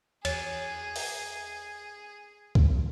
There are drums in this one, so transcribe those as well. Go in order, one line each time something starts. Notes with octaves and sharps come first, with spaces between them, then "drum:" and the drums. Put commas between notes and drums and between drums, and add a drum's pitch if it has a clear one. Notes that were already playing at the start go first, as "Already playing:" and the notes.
E2 G#4 C#5, drum: cymbal
drum: open hi-hat
drum: kick C#2